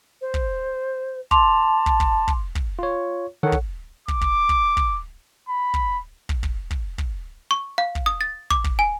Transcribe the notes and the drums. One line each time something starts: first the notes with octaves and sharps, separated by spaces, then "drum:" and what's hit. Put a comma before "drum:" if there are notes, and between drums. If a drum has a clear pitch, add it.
C5
drum: kick
A5 C6 D6 F7, drum: kick
drum: kick
drum: kick
drum: kick
drum: kick
F4 C#5
D#3 A4 C#5 F#5
drum: kick
D6, drum: kick
drum: kick
drum: kick
drum: kick
B5
drum: kick
drum: kick
drum: kick
drum: kick
drum: kick
C#6
F5
drum: kick
D#6
A6
D6, drum: kick
drum: kick
G#5